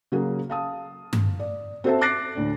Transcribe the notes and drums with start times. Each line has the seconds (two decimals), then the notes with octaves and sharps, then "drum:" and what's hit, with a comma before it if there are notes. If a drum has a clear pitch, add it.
0.12 C#3 F#3 A#3 F#4 G#4
0.50 F5 A5 D#6
1.13 drum: tom G2
1.40 D5
1.84 C4 F#4 A4 C5 E5 A5
2.01 D6 F#6 A6 A#6 C7 D7
2.35 D2 A2 D4